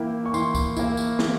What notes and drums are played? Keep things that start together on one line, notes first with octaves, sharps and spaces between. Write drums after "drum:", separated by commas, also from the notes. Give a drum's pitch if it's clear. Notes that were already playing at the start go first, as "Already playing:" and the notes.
Already playing: E3 A#3 E4 G5
C#6
E3 C6, drum: tambourine
drum: kick C#2, tambourine
A#3 E4, drum: tambourine
drum: tambourine
E3, drum: snare